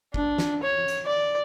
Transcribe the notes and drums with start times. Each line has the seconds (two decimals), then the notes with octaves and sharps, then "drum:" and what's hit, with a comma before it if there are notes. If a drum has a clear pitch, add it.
0.14 D4, drum: kick
0.38 drum: snare
0.63 C#5
0.88 drum: hi-hat
1.06 D5